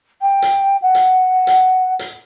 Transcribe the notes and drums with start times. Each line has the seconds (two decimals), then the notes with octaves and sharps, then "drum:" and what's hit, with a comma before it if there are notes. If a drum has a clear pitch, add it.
0.21 G5
0.42 drum: hi-hat
0.82 F#5
0.95 drum: hi-hat
1.47 drum: hi-hat
1.99 drum: hi-hat